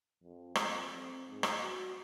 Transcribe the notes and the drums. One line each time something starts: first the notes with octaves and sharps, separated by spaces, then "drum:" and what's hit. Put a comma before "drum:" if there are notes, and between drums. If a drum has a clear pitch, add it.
F2
F2, drum: rim click
C4
G#2
drum: rim click
F#4